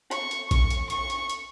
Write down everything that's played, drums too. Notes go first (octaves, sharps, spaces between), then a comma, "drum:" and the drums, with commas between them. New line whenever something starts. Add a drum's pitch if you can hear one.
C#6, drum: hi-hat
drum: hi-hat
C#6, drum: kick A#1, hi-hat
drum: hi-hat
C#6, drum: hi-hat
drum: hi-hat
drum: hi-hat